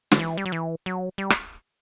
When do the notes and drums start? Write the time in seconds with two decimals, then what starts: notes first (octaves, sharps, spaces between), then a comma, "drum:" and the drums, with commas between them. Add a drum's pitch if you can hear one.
0.11 D3, drum: snare
0.19 E3
0.37 G3
0.46 F#3
0.52 E3
0.86 F#3
1.18 G3
1.30 drum: rim click